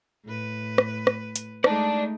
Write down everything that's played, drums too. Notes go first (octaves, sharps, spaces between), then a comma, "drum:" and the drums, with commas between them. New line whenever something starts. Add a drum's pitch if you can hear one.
A2 B4
drum: rim click
drum: rim click
drum: hi-hat
G#3 A3 D#4 D5 A5, drum: rim click